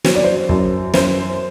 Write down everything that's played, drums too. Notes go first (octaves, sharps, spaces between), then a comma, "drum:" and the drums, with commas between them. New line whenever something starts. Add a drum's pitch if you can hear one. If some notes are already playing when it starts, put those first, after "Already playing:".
F#3 C5, drum: snare
D5
C5
F#2, drum: kick
F#2 C5, drum: snare